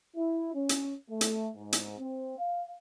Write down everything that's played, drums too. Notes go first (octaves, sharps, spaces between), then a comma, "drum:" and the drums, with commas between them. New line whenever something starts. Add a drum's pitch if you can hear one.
E4
C#4
drum: hi-hat
A3
drum: hi-hat
G#2
drum: hi-hat
C4
F5